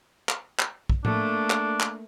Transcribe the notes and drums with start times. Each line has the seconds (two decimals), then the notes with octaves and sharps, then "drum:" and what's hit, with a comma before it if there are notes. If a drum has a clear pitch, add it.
0.29 drum: clap
0.59 drum: clap
0.90 drum: kick
1.05 A3 A#3 D4, drum: tom A2
1.50 drum: clap
1.80 drum: clap